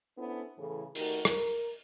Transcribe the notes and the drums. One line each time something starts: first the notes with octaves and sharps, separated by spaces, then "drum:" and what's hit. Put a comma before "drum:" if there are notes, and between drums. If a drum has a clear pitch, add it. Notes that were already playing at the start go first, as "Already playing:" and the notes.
B3 C#4 D4 E4 A4 C5
A2 C#3 E3 G#4 A4
D#3 A3 D#4 F#4 G4 A#4, drum: open hi-hat
A#4, drum: rim click